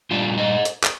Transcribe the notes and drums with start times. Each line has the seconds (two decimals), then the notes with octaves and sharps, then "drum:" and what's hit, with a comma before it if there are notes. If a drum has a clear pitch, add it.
0.11 A#2 G3 D4 F4
0.38 C5 D#5
0.65 drum: hi-hat
0.84 drum: clap